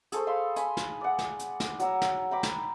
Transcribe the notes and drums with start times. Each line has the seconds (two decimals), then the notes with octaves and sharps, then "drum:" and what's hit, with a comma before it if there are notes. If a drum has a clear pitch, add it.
0.12 G#4 A4 C5 C#6, drum: hi-hat
0.27 F5 B5 C6 E6
0.56 G#5 B5 C6, drum: hi-hat
0.77 drum: snare
1.01 D5 F#5
1.18 drum: snare
1.39 drum: hi-hat
1.60 drum: snare
1.79 F#3 A#5 E6, drum: hi-hat
2.02 drum: snare
2.31 G5 A#5 B5 D6
2.43 drum: snare